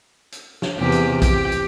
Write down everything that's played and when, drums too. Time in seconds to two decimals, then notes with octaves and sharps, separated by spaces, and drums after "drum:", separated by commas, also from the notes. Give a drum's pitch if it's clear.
0.32 drum: hi-hat
0.62 drum: snare
0.79 E2 C3 G4
0.92 drum: hi-hat
1.22 G4, drum: kick A#1, hi-hat
1.52 drum: hi-hat